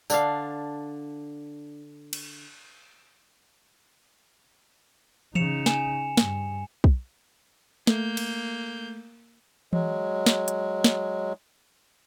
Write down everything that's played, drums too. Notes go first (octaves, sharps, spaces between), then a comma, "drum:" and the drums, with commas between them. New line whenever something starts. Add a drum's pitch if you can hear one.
D3 D4 F5, drum: tambourine
drum: cymbal
C#3 D#4 C#7 E7 F7, drum: tom E3
G#5 E7, drum: snare
G2, drum: snare
drum: kick B1
A3 A#3 G6, drum: snare
drum: cymbal
F#3 G#3, drum: tom E3
drum: snare
drum: hi-hat
drum: snare